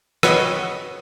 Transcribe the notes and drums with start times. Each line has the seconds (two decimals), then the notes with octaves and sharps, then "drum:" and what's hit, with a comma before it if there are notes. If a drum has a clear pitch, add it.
0.23 F#4 B4 C#5 D#5, drum: rim click